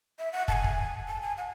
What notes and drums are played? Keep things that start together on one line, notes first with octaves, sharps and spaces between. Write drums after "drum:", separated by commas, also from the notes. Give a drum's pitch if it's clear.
E5
F#5
A5, drum: kick
G#5
drum: kick
A5
G#5
F#5